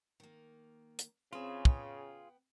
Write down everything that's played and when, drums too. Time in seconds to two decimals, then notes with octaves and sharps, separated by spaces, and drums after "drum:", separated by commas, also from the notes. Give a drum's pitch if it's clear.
0.20 D#3 A#3
0.99 drum: hi-hat
1.33 C#3 C4 F4 G#4 B4 E5
1.65 B3 G5, drum: kick